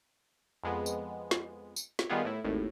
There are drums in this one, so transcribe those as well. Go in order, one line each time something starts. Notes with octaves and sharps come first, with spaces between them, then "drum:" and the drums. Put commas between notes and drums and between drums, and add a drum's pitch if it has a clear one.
F2 G#3 B3
drum: tambourine
drum: snare
drum: tambourine
drum: snare
D#3 G3 B3 F4 G#4
A2 E4
G#1 D#2 A2